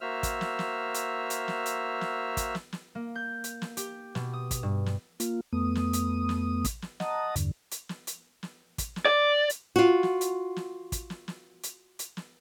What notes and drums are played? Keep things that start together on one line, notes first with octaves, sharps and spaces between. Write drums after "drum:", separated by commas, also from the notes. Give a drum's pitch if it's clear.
A#3 F#4 C5 E5 E6 F6
drum: kick, hi-hat
drum: snare
drum: snare
drum: hi-hat
drum: hi-hat
drum: snare
drum: hi-hat
drum: snare
drum: kick, hi-hat
drum: snare
drum: snare
A#3
G6
drum: hi-hat
drum: snare
G4, drum: hi-hat
B2, drum: snare
D#6
drum: kick, hi-hat
G2
drum: snare
A#3 F4, drum: hi-hat
F2 A3 B3 D#6
drum: snare
drum: hi-hat
drum: snare
drum: kick, hi-hat
drum: snare
D#5 F#5 A5 A#5 D#6, drum: snare
E2 G2 D3, drum: hi-hat
drum: hi-hat
drum: snare
drum: hi-hat
drum: snare
drum: kick, hi-hat
drum: snare
D5
drum: hi-hat
F4 F#4
drum: snare
drum: hi-hat
drum: snare
drum: kick, hi-hat
drum: snare
drum: snare
drum: hi-hat
drum: hi-hat
drum: snare